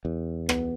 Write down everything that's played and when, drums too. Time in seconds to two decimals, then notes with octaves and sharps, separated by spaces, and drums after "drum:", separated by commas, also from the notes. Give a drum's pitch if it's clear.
0.05 E2
0.49 B3, drum: rim click